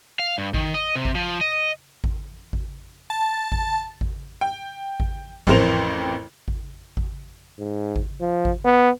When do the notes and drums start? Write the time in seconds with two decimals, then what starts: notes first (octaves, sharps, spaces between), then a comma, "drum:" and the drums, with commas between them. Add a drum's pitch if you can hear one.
0.19 F5
0.38 G2
0.54 D#3, drum: kick G#1
0.74 D#5
0.96 C3
1.05 drum: kick G#1
1.15 F3
1.41 D#5
2.04 drum: kick G#1
2.53 drum: kick G#1
3.10 A5
3.52 drum: kick G#1
4.01 drum: kick G#1
4.41 G5
5.00 drum: kick G#1
5.47 A1 F2 E3 A#4 C5 F7, drum: kick G#1
6.48 drum: kick G#1
6.97 drum: kick G#1
7.59 G#2
7.96 drum: kick G#1
8.20 F3
8.45 drum: kick G#1
8.65 B3